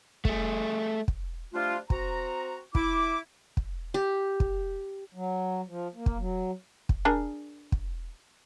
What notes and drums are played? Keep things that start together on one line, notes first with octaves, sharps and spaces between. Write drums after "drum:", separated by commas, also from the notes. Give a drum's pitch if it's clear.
A3 G#4, drum: kick
drum: kick
F3 G3 A3 D4 F4
C4 F#4 A#5, drum: kick
E4 D6, drum: kick
drum: kick
G4
drum: kick
F#3
F3
A#3
drum: kick
F#3
drum: kick
D4 G#4 A#4
drum: kick